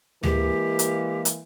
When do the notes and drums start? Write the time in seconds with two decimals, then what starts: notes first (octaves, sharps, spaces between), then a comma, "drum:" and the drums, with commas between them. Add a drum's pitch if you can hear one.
0.23 E3 G#3 A#3 G4, drum: tom D2
0.79 drum: hi-hat
1.25 drum: hi-hat